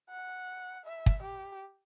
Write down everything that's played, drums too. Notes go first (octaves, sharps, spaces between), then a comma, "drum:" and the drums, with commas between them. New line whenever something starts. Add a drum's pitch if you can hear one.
F#5
E5
drum: kick
G4